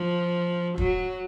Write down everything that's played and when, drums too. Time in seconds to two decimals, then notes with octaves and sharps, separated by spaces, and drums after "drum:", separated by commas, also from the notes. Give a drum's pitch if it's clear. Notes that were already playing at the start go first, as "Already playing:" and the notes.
Already playing: F3
0.78 F#3, drum: kick